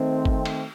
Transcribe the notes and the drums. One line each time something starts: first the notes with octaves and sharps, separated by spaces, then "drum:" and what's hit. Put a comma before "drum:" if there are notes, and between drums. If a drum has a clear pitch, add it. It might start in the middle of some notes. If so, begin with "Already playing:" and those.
Already playing: D#3 A3 C4
drum: kick
drum: cymbal